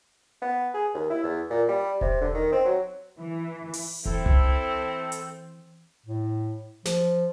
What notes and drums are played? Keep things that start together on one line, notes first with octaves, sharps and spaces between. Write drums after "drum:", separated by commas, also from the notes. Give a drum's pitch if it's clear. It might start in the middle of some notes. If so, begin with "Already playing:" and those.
B3
G#4
D#2
E4
E2
A#2
G3
C3, drum: kick E1
D3
D#3
C4
F#3
E3
drum: open hi-hat
E3 C4 E4 A4, drum: kick E1
drum: tom C2
drum: hi-hat
A2
F3, drum: snare